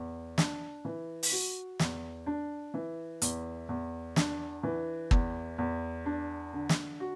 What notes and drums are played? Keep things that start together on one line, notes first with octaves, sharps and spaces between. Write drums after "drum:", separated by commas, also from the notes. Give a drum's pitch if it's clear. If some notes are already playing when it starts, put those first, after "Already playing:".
Already playing: E2
D4, drum: snare
E3
drum: open hi-hat
F#4
E2, drum: snare
D4
E3
E2, drum: hi-hat
E2
D4, drum: snare
E3
E2, drum: kick
E2
D4
D3
drum: snare
F#4